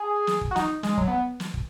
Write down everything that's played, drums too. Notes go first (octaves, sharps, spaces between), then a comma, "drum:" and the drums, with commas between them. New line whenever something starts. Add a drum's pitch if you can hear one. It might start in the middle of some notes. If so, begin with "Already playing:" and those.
Already playing: G#4
drum: snare
drum: kick
F#4
D#4, drum: snare
G#3, drum: snare
F#3, drum: kick
B3
drum: snare
drum: kick